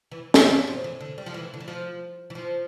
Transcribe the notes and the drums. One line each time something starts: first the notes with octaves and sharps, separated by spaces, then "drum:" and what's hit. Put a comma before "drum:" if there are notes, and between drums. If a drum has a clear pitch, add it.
E3
D3, drum: snare
E3
F3
E3
D3
G3
F3
E3
D3
E3
F3
E3
F3